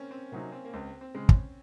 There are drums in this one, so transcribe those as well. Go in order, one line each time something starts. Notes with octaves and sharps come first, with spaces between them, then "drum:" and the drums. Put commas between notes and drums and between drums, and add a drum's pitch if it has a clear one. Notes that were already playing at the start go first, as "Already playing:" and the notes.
Already playing: A#3 C4 C#4 A#4
C4
C3 F#3 A#3 C4 D#4
C4
A#3
C#2 C4
C4
C#3 G#3
C#4, drum: kick